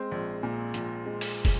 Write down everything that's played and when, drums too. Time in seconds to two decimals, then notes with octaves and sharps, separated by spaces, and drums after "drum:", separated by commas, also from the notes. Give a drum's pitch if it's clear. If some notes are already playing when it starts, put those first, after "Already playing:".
Already playing: G#3 C4
0.11 A#1
0.43 A#2
0.74 A#1, drum: hi-hat
1.06 G#3
1.21 drum: open hi-hat
1.45 drum: kick, open hi-hat